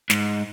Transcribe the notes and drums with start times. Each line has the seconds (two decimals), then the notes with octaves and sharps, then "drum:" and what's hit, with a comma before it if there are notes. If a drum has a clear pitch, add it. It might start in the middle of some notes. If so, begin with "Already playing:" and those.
0.10 G#2, drum: snare